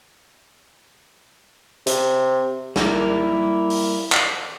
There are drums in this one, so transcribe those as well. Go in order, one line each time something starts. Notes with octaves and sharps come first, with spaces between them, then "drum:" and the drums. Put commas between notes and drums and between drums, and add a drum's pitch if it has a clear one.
C3, drum: hi-hat
G3 A#3 E4 A#4, drum: snare
drum: open hi-hat
drum: clap